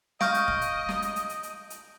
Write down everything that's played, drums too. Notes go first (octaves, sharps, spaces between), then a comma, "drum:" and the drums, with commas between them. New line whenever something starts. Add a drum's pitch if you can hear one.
D#5 F5 C#6 F6 G6 A#6 D7, drum: snare
drum: hi-hat
drum: kick F1
drum: hi-hat
drum: snare
drum: hi-hat
drum: hi-hat
drum: hi-hat
drum: hi-hat
drum: hi-hat